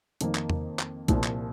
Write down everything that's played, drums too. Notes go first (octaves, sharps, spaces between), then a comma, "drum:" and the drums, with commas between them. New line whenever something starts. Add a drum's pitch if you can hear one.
F2 D#3 A#3, drum: hi-hat
drum: clap
drum: tom E2
drum: clap
C2 A#2 F3, drum: kick B1, hi-hat
drum: clap